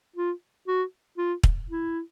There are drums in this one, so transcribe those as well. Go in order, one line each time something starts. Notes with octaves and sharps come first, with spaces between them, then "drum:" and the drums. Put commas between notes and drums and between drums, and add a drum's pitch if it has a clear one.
F4
F#4
F4
drum: kick
E4